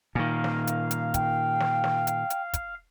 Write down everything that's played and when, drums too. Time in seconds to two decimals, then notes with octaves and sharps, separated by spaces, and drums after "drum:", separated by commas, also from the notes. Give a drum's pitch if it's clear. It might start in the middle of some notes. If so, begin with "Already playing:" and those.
0.15 A#2 D#3 F5
0.44 drum: snare
0.67 drum: hi-hat
0.91 drum: hi-hat
1.14 G5, drum: kick, hi-hat
1.60 drum: snare
1.84 drum: snare
2.07 drum: hi-hat
2.30 drum: hi-hat
2.54 drum: kick, hi-hat